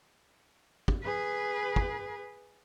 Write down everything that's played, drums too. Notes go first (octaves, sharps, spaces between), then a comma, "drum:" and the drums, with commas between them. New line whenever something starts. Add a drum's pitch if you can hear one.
drum: kick
G#4 B4
drum: kick